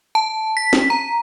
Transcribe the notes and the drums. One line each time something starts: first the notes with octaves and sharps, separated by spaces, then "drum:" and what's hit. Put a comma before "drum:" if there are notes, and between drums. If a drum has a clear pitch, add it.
A5
B6
drum: snare
A#5